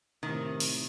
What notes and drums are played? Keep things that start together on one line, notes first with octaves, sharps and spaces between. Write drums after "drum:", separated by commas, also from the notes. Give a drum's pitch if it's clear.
A2 C3 D#3
drum: open hi-hat